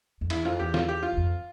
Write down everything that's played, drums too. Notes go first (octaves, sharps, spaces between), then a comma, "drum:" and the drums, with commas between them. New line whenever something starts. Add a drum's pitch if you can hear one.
F2
E2 E4, drum: cymbal
F2 F4
E2 G4
F4, drum: snare
G4
F4
E2
F2